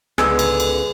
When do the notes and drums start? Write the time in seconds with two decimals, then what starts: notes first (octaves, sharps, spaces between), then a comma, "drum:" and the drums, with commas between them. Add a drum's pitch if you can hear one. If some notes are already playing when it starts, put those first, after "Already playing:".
0.18 C#2 G#2 D3 B3 G#4 G#5 E6 G#6, drum: rim click
0.39 drum: cymbal
0.60 drum: cymbal